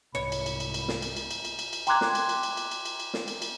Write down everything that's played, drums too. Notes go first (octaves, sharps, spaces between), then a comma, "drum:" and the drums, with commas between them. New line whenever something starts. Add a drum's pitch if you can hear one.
C2 G#2 C#5 B5
drum: cymbal
drum: cymbal
drum: cymbal
drum: cymbal
drum: snare
drum: cymbal
drum: cymbal
drum: cymbal
drum: cymbal
drum: cymbal
drum: cymbal
G5 A#5 C6 D6 F#6 G#6, drum: cymbal
drum: snare
drum: cymbal
drum: cymbal
drum: cymbal
drum: cymbal
drum: cymbal
drum: cymbal
drum: cymbal
drum: snare
drum: cymbal
drum: cymbal